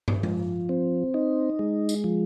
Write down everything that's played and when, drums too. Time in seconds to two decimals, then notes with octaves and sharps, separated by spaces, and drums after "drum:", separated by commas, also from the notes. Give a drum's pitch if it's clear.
0.08 drum: tom
0.23 F3, drum: tom
0.69 C4
1.14 D#4
1.59 G#3
1.89 drum: tambourine
2.04 F3